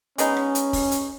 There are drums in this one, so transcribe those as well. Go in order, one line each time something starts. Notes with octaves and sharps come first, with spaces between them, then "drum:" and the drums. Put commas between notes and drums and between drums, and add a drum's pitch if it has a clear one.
G#3 B3 C#4 D#4, drum: hi-hat
drum: rim click
drum: hi-hat
drum: kick, open hi-hat
drum: hi-hat